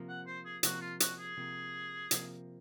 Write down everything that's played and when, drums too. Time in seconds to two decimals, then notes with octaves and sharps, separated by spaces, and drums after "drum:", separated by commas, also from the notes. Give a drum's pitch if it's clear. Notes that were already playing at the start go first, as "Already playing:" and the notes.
Already playing: C3 F3 A#3
0.09 F#5
0.27 C5
0.45 G#4
0.63 C3 F3 A#3 F#4, drum: hi-hat
0.81 F4
1.00 F#4, drum: hi-hat
1.19 G#4
1.37 C3 F3 A#3
2.11 C3 F3 A#3, drum: hi-hat